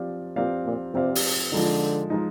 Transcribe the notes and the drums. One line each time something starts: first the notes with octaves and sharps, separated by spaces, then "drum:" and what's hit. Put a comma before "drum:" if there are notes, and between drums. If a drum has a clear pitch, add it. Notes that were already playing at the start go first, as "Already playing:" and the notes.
Already playing: F3 C4 G4 D5 F5
A#2 F3 C4 G4 D5 F5
A#2
C3 F3 C4 G4 D5 F5
drum: open hi-hat
D3 F3 G#3 D#4
F3 G#3 D#4